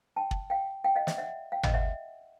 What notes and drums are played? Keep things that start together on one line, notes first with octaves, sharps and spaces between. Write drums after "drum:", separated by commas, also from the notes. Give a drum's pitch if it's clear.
G5 A5
drum: kick
F5 G5
F5 G5
D#5 F5
D5 E5, drum: snare
E5 F#5
F5 G5
D#5 F5, drum: tom G#1
E5 F#5